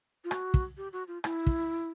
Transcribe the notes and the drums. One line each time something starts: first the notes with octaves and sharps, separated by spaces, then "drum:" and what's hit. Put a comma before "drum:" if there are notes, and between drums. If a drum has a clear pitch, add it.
F4
F#4, drum: rim click
drum: kick
G4
F#4
F4
E4, drum: rim click
drum: kick